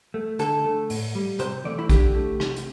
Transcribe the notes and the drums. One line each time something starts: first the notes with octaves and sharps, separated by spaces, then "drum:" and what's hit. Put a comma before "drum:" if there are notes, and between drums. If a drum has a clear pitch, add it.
A3
D3 A4, drum: hi-hat
A3
A2, drum: open hi-hat
G3
C3 C5, drum: hi-hat
E3 A3 D5
E4
D3 G4, drum: kick, hi-hat
A3
C3, drum: rim click
drum: hi-hat